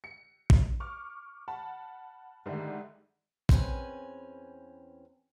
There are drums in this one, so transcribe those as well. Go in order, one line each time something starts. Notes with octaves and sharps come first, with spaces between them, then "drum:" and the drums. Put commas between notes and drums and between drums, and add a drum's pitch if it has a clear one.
C#7
drum: kick
C#6 D6 F6
F#5 A5 B5
G#2 D3 D#3 G3 A3
E2 C4 C#4 B4 G#5, drum: kick